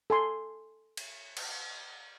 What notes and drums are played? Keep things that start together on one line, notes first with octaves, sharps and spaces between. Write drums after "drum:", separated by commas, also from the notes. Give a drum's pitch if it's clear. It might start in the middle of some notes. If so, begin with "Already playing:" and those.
A4 G#5 C6
drum: cymbal
drum: cymbal